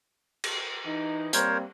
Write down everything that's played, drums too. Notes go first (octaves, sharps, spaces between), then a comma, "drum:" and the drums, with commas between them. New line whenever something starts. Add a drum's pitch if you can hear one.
drum: cymbal
E3 D#4
G3 A#3 C4 A#4 C5 C#5, drum: hi-hat